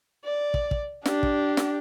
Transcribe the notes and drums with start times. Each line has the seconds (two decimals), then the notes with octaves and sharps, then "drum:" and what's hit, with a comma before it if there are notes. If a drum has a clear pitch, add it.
0.24 D5
0.54 drum: kick
0.71 drum: kick
1.06 D4 G4, drum: snare
1.23 drum: kick
1.57 drum: snare